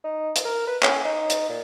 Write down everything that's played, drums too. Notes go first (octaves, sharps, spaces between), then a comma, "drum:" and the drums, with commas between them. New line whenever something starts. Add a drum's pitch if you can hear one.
D#4
drum: hi-hat
A#4
B4
C#4, drum: clap
D#4
drum: hi-hat
A#2